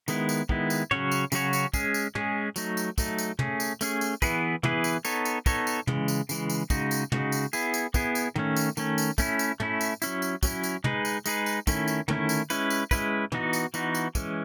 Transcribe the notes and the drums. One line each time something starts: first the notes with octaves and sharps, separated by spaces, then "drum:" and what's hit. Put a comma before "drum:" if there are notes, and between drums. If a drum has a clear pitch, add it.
D#3 G#3 B3 E4, drum: tambourine
drum: tambourine
D#3 G#3 B3 E4, drum: kick
drum: tambourine
C#3 F#3 C#4 F#4 C#5, drum: tom
drum: tambourine
C#3 F#3 C#4 F#4 C#5, drum: tambourine
drum: tambourine
G#3 C#4 G#4, drum: kick, tambourine
drum: tambourine
G#3 C#4 G#4, drum: tom
F#3 A3 D#4, drum: tambourine
drum: tambourine
F#3 A3 D#4, drum: kick, tambourine
drum: tambourine
A3 C#4 G#4, drum: tom
drum: tambourine
A3 C#4 G#4, drum: tambourine
drum: tambourine
E3 B3 E4 G#4 B4, drum: kick, tambourine
E3 B3 E4 G#4 B4, drum: tom
drum: tambourine
B3 D#4 A4 C#5, drum: tambourine
drum: tambourine
B3 D#4 A4 C#5, drum: kick, tambourine
drum: tambourine
C#3 E3 G#3, drum: tom
drum: tambourine
C#3 E3 G#3, drum: tambourine
drum: tambourine
C#3 G#3 D#4 F#4, drum: kick, tambourine
drum: tambourine
C#3 G#3 D#4 F#4, drum: tom
drum: tambourine
B3 E4 G#4, drum: tambourine
drum: tambourine
B3 E4 G#4, drum: kick, tambourine
drum: tambourine
D#3 A3 C#4, drum: tom
drum: tambourine
D#3 A3 C#4, drum: tambourine
drum: tambourine
A3 C#4 E4, drum: kick, tambourine
drum: tambourine
A3 C#4 E4, drum: tom
drum: tambourine
F#3 C#4 E4, drum: tambourine
drum: tambourine
F#3 C#4 E4, drum: kick, tambourine
drum: tambourine
G#3 D#4 G#4 B4, drum: tom
drum: tambourine
G#3 D#4 G#4 B4, drum: tambourine
drum: tambourine
D#3 A3 C#4 E4, drum: kick, tambourine
drum: tambourine
D#3 A3 C#4 E4, drum: tom
drum: tambourine
G#3 C#4 E4 B4, drum: tambourine
drum: tambourine
G#3 C#4 E4 B4, drum: kick, tambourine
E3 B3 D#4 F#4, drum: tom
drum: tambourine
E3 B3 D#4 F#4, drum: tambourine
drum: tambourine
E3 G#3 C#4, drum: kick, tambourine